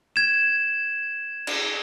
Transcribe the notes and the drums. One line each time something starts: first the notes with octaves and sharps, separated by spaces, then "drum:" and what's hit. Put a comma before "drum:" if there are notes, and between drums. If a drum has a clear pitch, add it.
G#6 E7
drum: cymbal